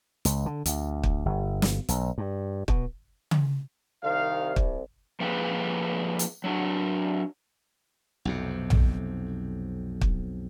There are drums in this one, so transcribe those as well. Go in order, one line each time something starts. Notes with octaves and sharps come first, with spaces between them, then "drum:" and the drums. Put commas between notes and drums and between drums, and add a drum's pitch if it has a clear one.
C#2, drum: hi-hat
D3
D2, drum: hi-hat
drum: kick
G1
drum: snare
B1, drum: hi-hat
G2
B2, drum: kick
drum: tom C#3
C2 D#3 F5
drum: kick
F3 A#3 G4 G#4 B4
drum: hi-hat
F#3 D4 F#4
B1 F2 C3
drum: tom A#1
drum: kick